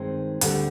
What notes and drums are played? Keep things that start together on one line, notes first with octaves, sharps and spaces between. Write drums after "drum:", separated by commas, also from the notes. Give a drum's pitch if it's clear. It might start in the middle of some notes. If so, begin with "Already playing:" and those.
Already playing: G2 D#3 G#3 C4
D2 D3 G3, drum: hi-hat